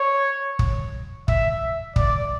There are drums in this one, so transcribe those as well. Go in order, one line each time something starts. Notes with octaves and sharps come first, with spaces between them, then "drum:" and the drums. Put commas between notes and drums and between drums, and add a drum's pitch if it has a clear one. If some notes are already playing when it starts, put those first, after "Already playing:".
Already playing: C#5
drum: kick
E5, drum: kick
D5, drum: kick